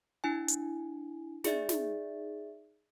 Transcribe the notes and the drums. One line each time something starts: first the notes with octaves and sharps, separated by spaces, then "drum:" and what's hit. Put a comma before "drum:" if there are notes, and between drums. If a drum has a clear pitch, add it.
D4 E4 G#5
drum: hi-hat
D#4 G#4 D5 E5 A6, drum: snare
drum: snare